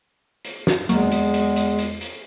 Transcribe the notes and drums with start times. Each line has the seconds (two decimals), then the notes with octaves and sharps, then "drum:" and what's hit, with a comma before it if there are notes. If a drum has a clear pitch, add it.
0.45 drum: hi-hat
0.67 drum: snare
0.89 E2 F#3 G#3 A#3, drum: hi-hat
1.12 drum: hi-hat
1.34 drum: hi-hat
1.56 drum: hi-hat
1.79 drum: hi-hat
2.01 drum: hi-hat